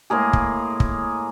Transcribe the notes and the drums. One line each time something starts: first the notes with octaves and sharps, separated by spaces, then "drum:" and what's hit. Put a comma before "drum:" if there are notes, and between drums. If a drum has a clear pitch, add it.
A2 G#3 A#3 G#4
drum: kick
drum: kick